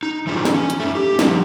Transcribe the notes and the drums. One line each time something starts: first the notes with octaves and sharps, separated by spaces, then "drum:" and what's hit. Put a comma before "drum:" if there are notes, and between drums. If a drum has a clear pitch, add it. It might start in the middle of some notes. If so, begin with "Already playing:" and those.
D#4
E3 F#3 D#4 F4 G#4 C5
drum: snare
C#4
drum: hi-hat
A3 D#4
G4
F3 G3 B3 E4, drum: snare